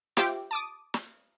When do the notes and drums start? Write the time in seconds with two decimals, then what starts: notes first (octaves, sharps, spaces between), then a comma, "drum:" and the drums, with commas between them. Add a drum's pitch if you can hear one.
0.17 F4 G4 C5 E5 G5 D6, drum: snare
0.51 A5 D6 D#6
0.94 drum: snare